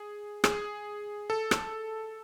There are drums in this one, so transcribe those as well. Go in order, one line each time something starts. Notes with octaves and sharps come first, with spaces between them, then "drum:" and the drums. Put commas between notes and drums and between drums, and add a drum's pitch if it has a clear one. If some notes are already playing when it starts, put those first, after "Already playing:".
Already playing: G#4
G#4, drum: rim click
A4
drum: rim click